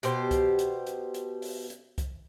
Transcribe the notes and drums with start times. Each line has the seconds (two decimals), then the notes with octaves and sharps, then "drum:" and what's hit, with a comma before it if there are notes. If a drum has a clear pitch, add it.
0.03 B2 G4 C5, drum: hi-hat
0.31 drum: kick C2, hi-hat
0.59 drum: hi-hat
0.87 drum: hi-hat
1.14 drum: hi-hat
1.42 drum: open hi-hat
1.70 drum: hi-hat
1.98 drum: kick C2, hi-hat